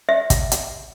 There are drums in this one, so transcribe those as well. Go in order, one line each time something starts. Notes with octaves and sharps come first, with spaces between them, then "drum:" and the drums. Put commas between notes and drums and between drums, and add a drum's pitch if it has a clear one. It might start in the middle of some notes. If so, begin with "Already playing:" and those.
E5
drum: kick, hi-hat
drum: hi-hat